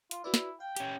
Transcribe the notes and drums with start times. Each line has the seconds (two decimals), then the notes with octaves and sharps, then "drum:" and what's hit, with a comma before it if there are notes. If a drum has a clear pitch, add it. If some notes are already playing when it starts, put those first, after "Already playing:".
0.11 F4, drum: hi-hat
0.24 E4 F#4 B4 D5
0.34 drum: snare
0.60 F5 G5
0.76 C#4 G4, drum: hi-hat